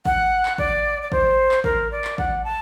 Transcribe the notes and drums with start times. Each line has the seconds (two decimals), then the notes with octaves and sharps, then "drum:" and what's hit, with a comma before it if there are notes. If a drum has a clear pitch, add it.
0.05 F#5, drum: kick
0.45 drum: clap
0.58 D5, drum: kick
1.02 D5
1.12 C5, drum: kick
1.51 drum: clap
1.64 A#4, drum: kick
1.91 D5
2.04 drum: clap
2.18 F#5, drum: kick
2.44 A5